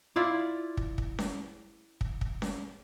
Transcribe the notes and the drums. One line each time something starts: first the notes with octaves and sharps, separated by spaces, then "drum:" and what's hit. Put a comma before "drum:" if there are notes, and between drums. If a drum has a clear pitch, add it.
E4 F4 D5
drum: kick
drum: kick
drum: snare C#4
drum: kick
drum: kick
drum: snare C#4